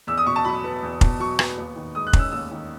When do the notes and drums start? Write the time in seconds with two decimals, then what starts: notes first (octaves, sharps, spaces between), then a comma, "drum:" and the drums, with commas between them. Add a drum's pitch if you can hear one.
0.07 E2 E6
0.18 D#6
0.26 B2 C#6
0.36 A5
0.45 F#3 B5
0.64 B3
0.83 E2
1.01 B2, drum: kick F1
1.20 F#3 C#6
1.39 B3, drum: rim click
1.58 D#2
1.76 D#3
1.95 G#3 D#6
2.07 F#6
2.13 C#4, drum: kick F1
2.19 E6
2.32 D#2 E6
2.51 D#3